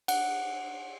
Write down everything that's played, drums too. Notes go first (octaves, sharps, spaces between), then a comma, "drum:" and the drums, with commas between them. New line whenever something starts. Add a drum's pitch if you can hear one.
F#5, drum: cymbal